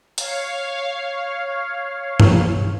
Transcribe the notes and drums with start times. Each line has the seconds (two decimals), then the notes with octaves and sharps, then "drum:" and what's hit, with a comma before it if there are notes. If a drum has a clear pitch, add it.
0.18 C#5 F5, drum: hi-hat
2.20 drum: tom